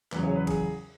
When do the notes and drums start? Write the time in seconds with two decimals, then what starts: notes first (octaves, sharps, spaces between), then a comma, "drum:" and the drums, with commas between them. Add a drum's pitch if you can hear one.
0.12 E2 C#3 F#3 B4, drum: clap
0.23 G#4 C#5
0.36 B4
0.47 G#4, drum: kick A#1, cymbal